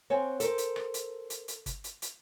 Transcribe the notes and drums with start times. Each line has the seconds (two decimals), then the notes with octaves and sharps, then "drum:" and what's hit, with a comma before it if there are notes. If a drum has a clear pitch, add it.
0.10 C4 C#5 F#5 G#5
0.40 A4 A#4 C5, drum: hi-hat
0.58 drum: hi-hat
0.76 drum: rim click
0.94 drum: hi-hat
1.30 drum: hi-hat
1.48 drum: hi-hat
1.66 drum: kick G1, hi-hat
1.84 drum: hi-hat
2.02 drum: hi-hat